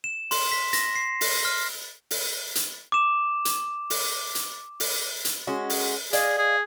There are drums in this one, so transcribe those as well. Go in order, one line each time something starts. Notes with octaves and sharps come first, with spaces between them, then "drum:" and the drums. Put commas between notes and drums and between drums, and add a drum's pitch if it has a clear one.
E7
C6, drum: open hi-hat
B6
A#6, drum: hi-hat
C7
drum: open hi-hat
F6
drum: open hi-hat
drum: hi-hat
D6 E7
drum: hi-hat
drum: open hi-hat
drum: hi-hat
drum: open hi-hat
drum: hi-hat
G#3 C#4 F#4
drum: open hi-hat
G#4 D5 D#5 F5, drum: hi-hat
G#4